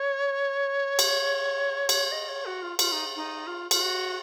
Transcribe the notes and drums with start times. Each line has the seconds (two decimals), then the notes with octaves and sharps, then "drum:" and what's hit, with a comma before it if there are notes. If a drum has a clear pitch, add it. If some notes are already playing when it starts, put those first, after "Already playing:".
Already playing: C#5
0.99 drum: cymbal
1.89 drum: cymbal
2.12 D#5
2.28 C#5
2.46 F#4
2.62 F4
2.79 F4, drum: cymbal
2.92 D#4
3.16 D#4
3.47 F4
3.71 F4, drum: cymbal
3.81 F#4